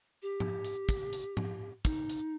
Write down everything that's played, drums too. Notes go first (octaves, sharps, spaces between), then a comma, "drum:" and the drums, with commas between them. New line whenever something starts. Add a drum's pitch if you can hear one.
G4
drum: tom G#2
drum: hi-hat
drum: kick, hi-hat
drum: hi-hat
drum: tom G#2
D#4, drum: kick, hi-hat
drum: hi-hat